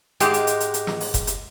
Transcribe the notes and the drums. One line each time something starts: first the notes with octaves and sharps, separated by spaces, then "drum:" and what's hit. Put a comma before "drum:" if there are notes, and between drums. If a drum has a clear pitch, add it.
G#2 G#3 G4, drum: hi-hat
drum: hi-hat
drum: hi-hat
drum: hi-hat
drum: hi-hat
drum: snare
drum: open hi-hat
drum: kick F1, hi-hat
drum: hi-hat